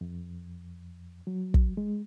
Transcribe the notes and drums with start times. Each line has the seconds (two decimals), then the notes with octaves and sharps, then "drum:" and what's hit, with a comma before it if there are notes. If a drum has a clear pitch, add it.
0.01 F2
1.27 F#3
1.54 drum: kick
1.77 G#3